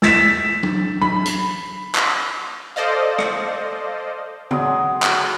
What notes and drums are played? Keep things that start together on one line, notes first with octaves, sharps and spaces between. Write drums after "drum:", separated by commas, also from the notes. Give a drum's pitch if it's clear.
E6 A6 B6 E7, drum: snare
drum: tom F#3
B5, drum: tom F#3
drum: hi-hat
drum: clap
A4 C5 D5 D#5 F5
drum: rim click
F#3 G#3 D#6, drum: tom
drum: clap